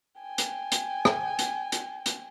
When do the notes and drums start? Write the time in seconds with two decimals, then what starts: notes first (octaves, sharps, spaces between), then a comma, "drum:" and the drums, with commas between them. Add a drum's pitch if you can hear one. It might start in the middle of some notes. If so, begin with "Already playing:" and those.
0.21 G5 G#5
0.38 drum: hi-hat
0.72 drum: hi-hat
1.05 drum: rim click
1.39 drum: hi-hat
1.72 drum: hi-hat
2.06 drum: hi-hat